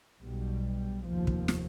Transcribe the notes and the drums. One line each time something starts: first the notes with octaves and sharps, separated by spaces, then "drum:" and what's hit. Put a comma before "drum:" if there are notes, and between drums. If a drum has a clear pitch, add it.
B1 B2 G3
F1 D#2 F3
drum: kick
drum: snare